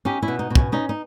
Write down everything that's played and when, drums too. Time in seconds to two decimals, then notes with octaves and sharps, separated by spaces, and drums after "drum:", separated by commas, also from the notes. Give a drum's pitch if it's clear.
0.05 C#4 D#4 G4
0.22 C#4 E4
0.28 B2
0.39 D#4
0.50 B2
0.55 C#4, drum: kick
0.72 C#4 D#4
0.89 D#4